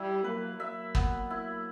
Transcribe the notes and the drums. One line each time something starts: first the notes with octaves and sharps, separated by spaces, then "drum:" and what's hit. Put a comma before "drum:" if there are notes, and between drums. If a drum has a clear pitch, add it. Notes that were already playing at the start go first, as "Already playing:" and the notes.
Already playing: G3 E4
F#3 A#3 B4
F#3 A#3 E5
B3, drum: kick
E4